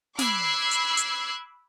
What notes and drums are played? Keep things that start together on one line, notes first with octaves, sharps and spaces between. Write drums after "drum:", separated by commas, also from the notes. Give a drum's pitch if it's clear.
B5 D6 E6 F#6 G#6 C7, drum: snare
drum: hi-hat
drum: hi-hat